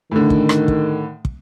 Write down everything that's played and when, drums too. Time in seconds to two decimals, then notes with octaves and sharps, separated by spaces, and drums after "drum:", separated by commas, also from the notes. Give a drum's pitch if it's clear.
0.11 A2 D3 D#3
0.30 drum: kick
0.49 drum: rim click
0.68 drum: kick
1.25 drum: kick